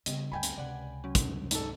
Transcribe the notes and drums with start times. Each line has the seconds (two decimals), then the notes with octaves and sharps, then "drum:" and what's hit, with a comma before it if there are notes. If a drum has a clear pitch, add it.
0.06 C#3 G3 B3 D#5, drum: hi-hat
0.32 D2 G2 G5 G#5 B5
0.43 drum: hi-hat
0.57 C#2 C3 D5 F#5
1.04 F#3 C#4
1.15 drum: kick, hi-hat
1.51 G#2 A4, drum: hi-hat